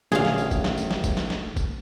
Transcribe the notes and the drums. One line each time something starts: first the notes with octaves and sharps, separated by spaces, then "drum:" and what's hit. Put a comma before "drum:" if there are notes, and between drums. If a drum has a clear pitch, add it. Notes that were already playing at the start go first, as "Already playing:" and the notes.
A1 A#2 D3 F#3 G#4 F5, drum: snare
drum: snare
drum: tambourine
drum: kick, tambourine
drum: snare
drum: tambourine
drum: snare
drum: kick, tambourine
drum: snare
drum: snare
drum: kick, tambourine